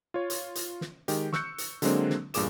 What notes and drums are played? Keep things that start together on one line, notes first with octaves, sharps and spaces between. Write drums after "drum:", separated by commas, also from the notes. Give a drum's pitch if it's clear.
F4 C#5
drum: hi-hat
drum: hi-hat
drum: snare
D#3 G#3 G4, drum: hi-hat
C#6 E6 F#6 G6 C#7, drum: snare
drum: hi-hat
D3 F#3 G#3 A#3 C4 D4, drum: hi-hat
drum: snare
A1 G2 A#2 G#4 D6 E7, drum: hi-hat